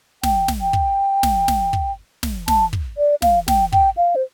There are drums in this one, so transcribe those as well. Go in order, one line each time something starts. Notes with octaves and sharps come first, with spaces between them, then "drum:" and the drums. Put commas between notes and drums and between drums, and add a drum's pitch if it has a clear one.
G5, drum: snare
drum: snare
G5
drum: kick
drum: snare
drum: snare
drum: kick
drum: snare
A5, drum: snare
drum: kick
D5
F5, drum: snare
G5, drum: snare
G5, drum: kick
F5
C5